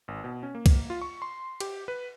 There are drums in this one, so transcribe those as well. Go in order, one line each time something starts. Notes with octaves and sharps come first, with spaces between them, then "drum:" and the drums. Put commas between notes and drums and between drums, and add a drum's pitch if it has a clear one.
G#1
B2
C#4
A#3
drum: kick C2, cymbal
F4
C#6
C6
G4, drum: cymbal
B4